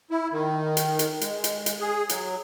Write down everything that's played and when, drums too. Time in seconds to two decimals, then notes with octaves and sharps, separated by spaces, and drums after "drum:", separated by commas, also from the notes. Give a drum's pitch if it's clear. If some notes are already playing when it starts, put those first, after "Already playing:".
0.11 E4
0.32 D#3
0.77 drum: hi-hat
0.99 drum: hi-hat
1.21 G#3, drum: hi-hat
1.44 drum: hi-hat
1.66 drum: hi-hat
1.80 G#4
2.09 F#3, drum: hi-hat